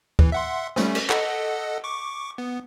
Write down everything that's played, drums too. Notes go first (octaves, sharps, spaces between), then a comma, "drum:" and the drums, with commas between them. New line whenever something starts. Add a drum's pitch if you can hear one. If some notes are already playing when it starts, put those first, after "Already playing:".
E3, drum: kick
E5 F#5 C6
G3 A3 C#4, drum: snare
drum: cymbal
A4 D#5 F#5, drum: clap
C#6 D6
B3